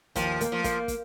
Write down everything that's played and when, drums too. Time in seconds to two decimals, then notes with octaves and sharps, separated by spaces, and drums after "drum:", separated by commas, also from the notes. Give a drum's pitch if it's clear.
0.15 D#2 F3, drum: kick, hi-hat
0.41 A#3, drum: hi-hat
0.52 F3
0.64 A#3, drum: kick, hi-hat
0.88 drum: kick, hi-hat